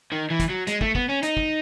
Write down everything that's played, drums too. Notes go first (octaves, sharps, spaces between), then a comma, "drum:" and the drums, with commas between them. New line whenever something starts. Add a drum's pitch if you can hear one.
D#3
E3
drum: kick, hi-hat
F#3
G#3, drum: hi-hat
A3, drum: kick
B3, drum: kick
C#4
D#4, drum: hi-hat
drum: kick